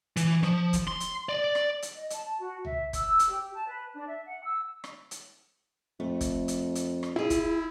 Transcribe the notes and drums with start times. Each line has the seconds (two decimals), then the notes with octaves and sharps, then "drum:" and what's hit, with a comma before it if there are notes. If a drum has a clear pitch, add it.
0.17 E3, drum: hi-hat
0.43 F3, drum: rim click
0.73 drum: kick, hi-hat
0.88 C6
1.00 drum: hi-hat
1.29 D5
1.55 drum: rim click
1.82 drum: hi-hat
1.94 D#5
2.10 A5, drum: hi-hat
2.39 F#4
2.65 E5, drum: tom C#2
2.93 E6, drum: kick, hi-hat
3.19 drum: hi-hat
3.29 G4
3.54 A5
3.67 B4
3.95 D4
4.08 E5
4.25 F#5
4.44 E6
4.84 drum: rim click
5.11 drum: hi-hat
6.00 F2 A3
6.21 drum: kick, hi-hat
6.48 drum: hi-hat
6.75 drum: hi-hat
7.03 drum: rim click
7.16 E4 F4 G#4
7.30 drum: kick, hi-hat